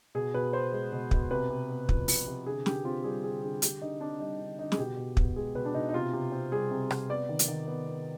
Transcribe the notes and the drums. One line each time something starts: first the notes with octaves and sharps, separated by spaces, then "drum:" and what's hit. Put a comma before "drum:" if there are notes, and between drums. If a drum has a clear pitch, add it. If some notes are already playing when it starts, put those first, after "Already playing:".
B2 G#4
B2 B4
B3 C5
G#3
B2
B2, drum: kick
C3 B4
C3
B3
F3, drum: kick
C3, drum: open hi-hat
C3
D3 G#4
D3 G4, drum: snare
C4 F4
G3 G#4
D3 G#4
D3 G#4
D3 G4, drum: hi-hat
D3 D#4
C4 D4
G3 D#4
D3
D3 D#4
G#4, drum: snare
B2 G4
B2
B3, drum: kick
G#3 G#4
B2 B4
D4
B2 D#4
D#4
C3 F4
C3
C4
G3 G#4
C3
C3, drum: rim click
B3 D5
D#3
drum: hi-hat
D#3
B3
B3